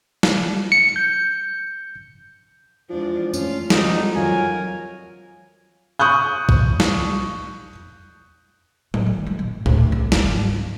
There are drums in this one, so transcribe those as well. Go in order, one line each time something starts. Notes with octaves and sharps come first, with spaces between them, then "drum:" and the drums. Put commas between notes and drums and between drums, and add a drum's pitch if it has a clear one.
drum: snare
C#7
G6
E2 F3 G#3 D4
A3 C#4 F4, drum: tambourine
F2 G3 G#3 D#4 F#4, drum: snare
F#3 F4 F#4 A#4 G#5
C#6 D#6 F#6 G6
drum: kick
drum: snare
A2, drum: tom F#3
D#3
G#3
A#2
D2, drum: tom A2
C2
G#1, drum: snare
F#3
C#2